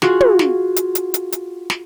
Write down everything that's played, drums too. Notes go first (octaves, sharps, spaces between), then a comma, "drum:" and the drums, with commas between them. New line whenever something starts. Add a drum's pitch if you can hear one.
F4 F#4 G#4, drum: snare
drum: tom
drum: snare
drum: hi-hat
drum: hi-hat
drum: hi-hat
drum: hi-hat
drum: snare